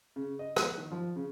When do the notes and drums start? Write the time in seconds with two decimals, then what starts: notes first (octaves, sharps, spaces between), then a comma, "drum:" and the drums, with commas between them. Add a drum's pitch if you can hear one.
0.16 C#3
0.39 D#5
0.56 F#6, drum: rim click
0.77 D#3
0.92 F3
1.16 C#3